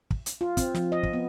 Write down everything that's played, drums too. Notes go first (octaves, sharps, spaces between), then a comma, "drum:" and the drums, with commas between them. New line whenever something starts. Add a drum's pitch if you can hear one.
drum: kick
drum: hi-hat
F4
C4, drum: kick, hi-hat
F3, drum: snare
D#5
drum: kick
B3